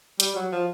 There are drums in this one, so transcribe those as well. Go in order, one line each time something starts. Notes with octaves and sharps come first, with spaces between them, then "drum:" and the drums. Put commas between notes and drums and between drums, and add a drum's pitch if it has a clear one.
G3, drum: hi-hat
F#3
F3